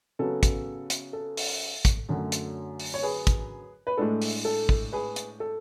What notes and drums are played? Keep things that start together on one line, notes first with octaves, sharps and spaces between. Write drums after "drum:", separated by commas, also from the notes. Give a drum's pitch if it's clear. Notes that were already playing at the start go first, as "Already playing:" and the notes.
C#3 F#3 B3 A4
drum: kick, hi-hat
drum: hi-hat
A4
drum: open hi-hat
drum: kick, hi-hat
F#2 D3 F#3 A3
drum: hi-hat
drum: open hi-hat
C#5
G#4 B4
drum: kick, hi-hat
B4
A2 G#3 D4 A4
drum: open hi-hat
A4
drum: kick
G#4 B4
drum: hi-hat
A4